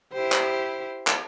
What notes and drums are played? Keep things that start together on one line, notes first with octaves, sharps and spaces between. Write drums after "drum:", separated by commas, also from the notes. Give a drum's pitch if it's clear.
E4 G4 C5
drum: clap
drum: clap